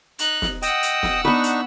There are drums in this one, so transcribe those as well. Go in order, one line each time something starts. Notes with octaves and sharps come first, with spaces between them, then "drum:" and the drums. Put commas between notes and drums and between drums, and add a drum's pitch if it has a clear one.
D#4 F#6, drum: hi-hat
drum: snare
D#5 F#5 G5 D#6 E6, drum: hi-hat
drum: hi-hat
drum: snare
B3 D4 D#4 B4 C#6
drum: hi-hat